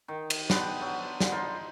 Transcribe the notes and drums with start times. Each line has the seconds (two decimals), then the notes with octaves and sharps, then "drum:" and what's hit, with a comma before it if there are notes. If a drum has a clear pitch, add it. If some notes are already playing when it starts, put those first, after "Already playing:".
0.08 D#3
0.30 drum: cymbal
0.50 B3 D4 C5 G5, drum: snare
0.81 F#3
1.20 D3, drum: snare
1.32 D#4 F4 C6